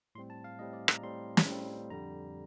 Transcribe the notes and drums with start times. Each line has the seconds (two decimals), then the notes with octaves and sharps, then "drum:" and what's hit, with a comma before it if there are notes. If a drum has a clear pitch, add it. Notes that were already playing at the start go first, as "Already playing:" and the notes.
0.15 A2 G3 C4 C6
0.30 A5
0.44 F5
0.59 A2 G3 C4 D#5
0.73 D5
0.88 A#5, drum: rim click
1.03 A2 G3 C4 C6
1.37 drum: snare
1.47 A2 G3 C4
1.90 F2 D3 G3 A#5